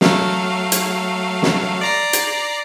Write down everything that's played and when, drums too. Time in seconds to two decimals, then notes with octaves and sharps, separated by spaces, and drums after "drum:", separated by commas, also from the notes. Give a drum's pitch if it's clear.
0.01 F#3 A3 F5, drum: snare
0.72 drum: hi-hat
1.42 drum: snare
1.81 D5 A#5 C7
2.13 drum: hi-hat